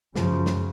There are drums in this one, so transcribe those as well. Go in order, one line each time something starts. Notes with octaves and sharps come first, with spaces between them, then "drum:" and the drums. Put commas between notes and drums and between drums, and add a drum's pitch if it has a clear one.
F#2 C#3 F3, drum: snare
drum: snare